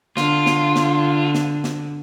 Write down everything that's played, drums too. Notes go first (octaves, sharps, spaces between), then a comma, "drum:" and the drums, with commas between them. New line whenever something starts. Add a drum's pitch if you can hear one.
D3 F4, drum: snare
drum: snare
drum: snare
drum: snare
drum: snare